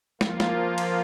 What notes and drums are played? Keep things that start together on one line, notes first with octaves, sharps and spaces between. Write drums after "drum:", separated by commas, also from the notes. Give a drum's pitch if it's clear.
F3 A#3 F4, drum: snare
drum: snare
drum: cymbal